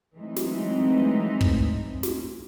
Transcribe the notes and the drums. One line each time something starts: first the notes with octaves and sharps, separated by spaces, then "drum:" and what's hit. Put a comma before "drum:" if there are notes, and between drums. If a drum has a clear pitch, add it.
E3 F#3 G#3 A3 C4 D#4
drum: snare
drum: kick
drum: snare